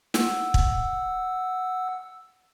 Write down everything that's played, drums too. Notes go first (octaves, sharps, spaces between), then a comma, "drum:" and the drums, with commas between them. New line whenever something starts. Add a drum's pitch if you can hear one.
F#5 E6, drum: snare
drum: kick